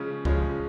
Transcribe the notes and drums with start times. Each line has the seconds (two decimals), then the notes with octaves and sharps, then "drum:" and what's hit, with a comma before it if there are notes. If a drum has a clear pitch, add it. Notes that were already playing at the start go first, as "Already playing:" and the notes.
Already playing: C#3 F3 G#3 C#4
0.25 C#3 F3 G#3 C#4, drum: kick C#2